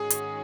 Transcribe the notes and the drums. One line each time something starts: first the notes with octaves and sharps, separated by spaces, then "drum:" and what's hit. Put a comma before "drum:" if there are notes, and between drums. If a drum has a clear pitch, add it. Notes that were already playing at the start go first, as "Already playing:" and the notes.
Already playing: G#2 D#3 G#3 C#4 F#4 G#4
drum: hi-hat